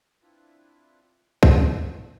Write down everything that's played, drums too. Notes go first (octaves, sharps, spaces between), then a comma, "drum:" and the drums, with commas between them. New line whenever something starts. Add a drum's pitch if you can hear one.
C4 D4 E4 F4 B4
D5, drum: kick
E2 F#6